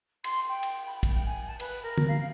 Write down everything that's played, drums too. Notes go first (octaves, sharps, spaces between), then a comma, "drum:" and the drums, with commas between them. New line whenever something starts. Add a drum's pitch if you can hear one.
C6, drum: cymbal
G5
drum: cymbal
B5
G5, drum: kick, cymbal
G#5
A5
B4, drum: cymbal
A#4
drum: tom
F5